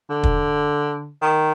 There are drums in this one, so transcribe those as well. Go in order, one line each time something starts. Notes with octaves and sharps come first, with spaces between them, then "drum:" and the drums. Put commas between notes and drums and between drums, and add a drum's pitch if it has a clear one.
D3
drum: kick
D#3